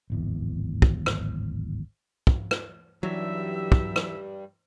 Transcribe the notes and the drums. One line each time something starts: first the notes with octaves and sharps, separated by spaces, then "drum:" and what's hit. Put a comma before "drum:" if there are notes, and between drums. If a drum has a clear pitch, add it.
D1 G#1 E2
drum: kick
drum: rim click
drum: kick
drum: rim click
G2 E3 F#3 G3 D4 D#4 E5
drum: kick
drum: rim click